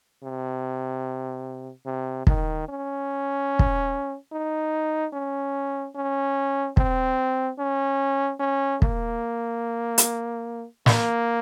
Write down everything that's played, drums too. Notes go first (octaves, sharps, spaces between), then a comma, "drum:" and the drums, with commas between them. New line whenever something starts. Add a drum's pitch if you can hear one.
C3
C3
D#3, drum: kick
C#4
drum: kick
D#4
C#4
C#4
C4, drum: kick
C#4
C#4
A#3, drum: kick
drum: hi-hat
A#3, drum: snare